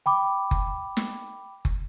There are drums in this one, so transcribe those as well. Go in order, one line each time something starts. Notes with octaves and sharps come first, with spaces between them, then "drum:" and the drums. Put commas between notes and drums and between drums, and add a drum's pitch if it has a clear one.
G5 B5 D6
drum: kick F#1
drum: snare
drum: kick F#1